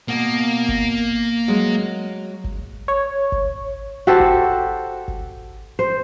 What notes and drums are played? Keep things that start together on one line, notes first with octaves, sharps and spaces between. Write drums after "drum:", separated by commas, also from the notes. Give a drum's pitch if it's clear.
B2 A#3
drum: kick G#1
F#3 G#3
drum: kick G#1
C#5
drum: kick G#1
F#4 G4 A4 C5
drum: kick G#1
drum: kick G#1
C5